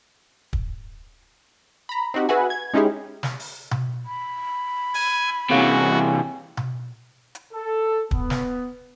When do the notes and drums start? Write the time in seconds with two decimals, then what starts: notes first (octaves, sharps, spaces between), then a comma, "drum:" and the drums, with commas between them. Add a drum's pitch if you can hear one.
0.53 drum: kick
1.89 A#5 B5
2.14 C4 D#4 F#4 G4
2.29 F#4 G#4 B4 E5 F#5 G#5
2.50 G#6
2.74 G#3 C#4 D#4 E4 G4 G#4
3.23 drum: snare
3.40 drum: open hi-hat
3.71 drum: tom B2
4.06 B5
4.94 G#5, drum: open hi-hat
5.50 C3 E3 A#3 C#4 F#4 G#4
6.57 drum: tom B2
7.35 drum: hi-hat
7.52 A4
8.11 B3, drum: kick
8.30 drum: snare